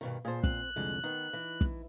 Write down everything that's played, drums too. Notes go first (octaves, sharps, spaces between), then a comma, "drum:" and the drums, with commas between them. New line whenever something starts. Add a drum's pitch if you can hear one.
G2 B2 D#3
A#2 G#4 C5 G#5 A5
C4 F#6, drum: kick
C2 F2 D3 G#3
D#3 B3 D#4
E3
drum: kick